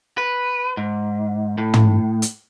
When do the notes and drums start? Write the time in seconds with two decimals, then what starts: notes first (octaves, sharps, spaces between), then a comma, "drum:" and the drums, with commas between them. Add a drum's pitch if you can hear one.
0.18 B4
0.77 G#2
1.58 A2
1.74 drum: tom
2.22 drum: hi-hat